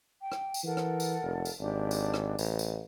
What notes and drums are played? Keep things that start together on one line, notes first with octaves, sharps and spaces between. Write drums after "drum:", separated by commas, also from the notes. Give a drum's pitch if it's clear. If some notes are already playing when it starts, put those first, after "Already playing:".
G5
drum: rim click
drum: tambourine
E3 A4 A#4 F#5
drum: rim click
drum: tambourine
F1
drum: tambourine
G#1 D4 G4
drum: tambourine
drum: rim click
A1, drum: tambourine
drum: tambourine